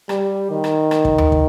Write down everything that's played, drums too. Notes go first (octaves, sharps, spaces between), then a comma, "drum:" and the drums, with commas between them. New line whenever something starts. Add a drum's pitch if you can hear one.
G3, drum: rim click
D#3
drum: rim click
drum: rim click
drum: kick
drum: tom D#2
drum: kick